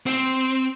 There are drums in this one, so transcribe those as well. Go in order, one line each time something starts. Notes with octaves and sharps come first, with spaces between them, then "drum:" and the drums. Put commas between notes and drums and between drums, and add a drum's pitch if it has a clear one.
C4, drum: hi-hat